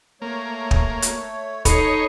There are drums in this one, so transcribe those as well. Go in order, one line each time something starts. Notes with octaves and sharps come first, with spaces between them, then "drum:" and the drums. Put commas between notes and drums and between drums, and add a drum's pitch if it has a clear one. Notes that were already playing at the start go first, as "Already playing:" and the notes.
A3 A#3 C#5
drum: kick
drum: hi-hat
D#4 A4 C#5 B5 C7, drum: kick, hi-hat